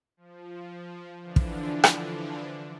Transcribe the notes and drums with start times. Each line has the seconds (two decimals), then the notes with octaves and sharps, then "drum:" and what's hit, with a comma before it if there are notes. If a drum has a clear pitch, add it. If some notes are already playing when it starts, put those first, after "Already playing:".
0.17 F3
1.20 D3 E3 F3 D4
1.36 drum: kick
1.84 drum: rim click